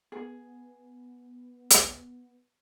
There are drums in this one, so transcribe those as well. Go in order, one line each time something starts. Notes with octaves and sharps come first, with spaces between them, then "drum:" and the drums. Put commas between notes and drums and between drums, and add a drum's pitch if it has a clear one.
B3 G#4
drum: hi-hat